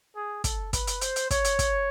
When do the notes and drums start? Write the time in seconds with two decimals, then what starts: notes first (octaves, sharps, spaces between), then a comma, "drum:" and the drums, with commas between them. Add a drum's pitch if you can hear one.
0.16 G#4
0.44 A4, drum: kick, hi-hat
0.73 B4, drum: kick, hi-hat
0.87 drum: hi-hat
1.01 C5, drum: hi-hat
1.16 drum: hi-hat
1.30 C#5, drum: kick, hi-hat
1.44 drum: hi-hat
1.59 drum: kick, hi-hat